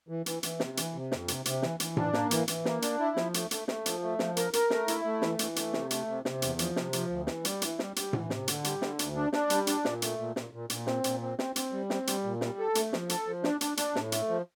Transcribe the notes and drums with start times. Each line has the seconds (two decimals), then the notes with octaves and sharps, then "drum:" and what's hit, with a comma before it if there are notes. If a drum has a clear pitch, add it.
0.09 E3
0.26 E3, drum: hi-hat
0.43 E3, drum: hi-hat
0.60 C3, drum: snare
0.77 E3, drum: hi-hat
0.94 C3
1.12 F2, drum: snare
1.28 C3, drum: hi-hat
1.45 C3, drum: hi-hat
1.62 E3, drum: snare
1.80 E3, drum: hi-hat
1.97 D4, drum: tom A2
2.13 A#3, drum: snare
2.31 E3, drum: hi-hat
2.48 E3, drum: hi-hat
2.65 A#3, drum: snare
2.82 D4, drum: hi-hat
3.00 E4
3.17 F3, drum: snare
3.34 A3, drum: hi-hat
3.51 A3, drum: hi-hat
3.68 A3, drum: snare
3.86 F3, drum: hi-hat
4.02 A3
4.19 F3, drum: snare
4.37 A#4, drum: hi-hat
4.53 A#4, drum: hi-hat
4.70 A3, drum: snare
4.88 E4, drum: hi-hat
5.05 A3
5.22 E3, drum: snare
5.39 E3, drum: hi-hat
5.56 A3, drum: hi-hat
5.73 C3, drum: snare
5.91 A3, drum: hi-hat
6.08 C3
6.25 C3, drum: snare
6.42 E2, drum: hi-hat
6.59 F3, drum: hi-hat
6.76 C3, drum: snare
6.93 F3, drum: hi-hat
7.10 D2
7.27 E3, drum: snare
7.45 G3, drum: hi-hat
7.62 E3, drum: hi-hat
7.79 G3, drum: snare
7.96 G3, drum: hi-hat
8.13 E3, drum: tom A2
8.30 C3, drum: snare
8.48 D3, drum: hi-hat
8.64 G3, drum: hi-hat
8.82 D3, drum: snare
8.99 D2, drum: hi-hat
9.16 D4
9.33 D4, drum: snare
9.50 G3, drum: hi-hat
9.67 D4, drum: hi-hat
9.85 A#2, drum: snare
10.02 A3, drum: hi-hat
10.19 A#2
10.36 A#2, drum: snare
10.53 A#2
10.70 A#2, drum: hi-hat
10.87 C4, drum: snare
11.04 A#2, drum: hi-hat
11.22 C4
11.39 C4, drum: snare
11.56 C4, drum: hi-hat
11.72 G3
11.90 C4, drum: snare
12.07 G3, drum: hi-hat
12.24 A#2
12.41 G3, drum: snare
12.59 A4
12.75 A3, drum: hi-hat
12.93 F3, drum: snare
13.09 A4, drum: hi-hat
13.27 F3
13.44 D4, drum: snare
13.61 D4, drum: hi-hat
13.77 D4, drum: hi-hat
13.95 A2, drum: snare
14.12 A3, drum: hi-hat
14.29 F3